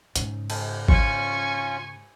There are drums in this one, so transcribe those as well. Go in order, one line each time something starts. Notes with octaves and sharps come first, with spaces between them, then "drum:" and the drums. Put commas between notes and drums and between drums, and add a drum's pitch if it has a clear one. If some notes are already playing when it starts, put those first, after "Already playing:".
G#2 C#3, drum: hi-hat
drum: cymbal
C#4 F4 G#5 C#6, drum: kick G#1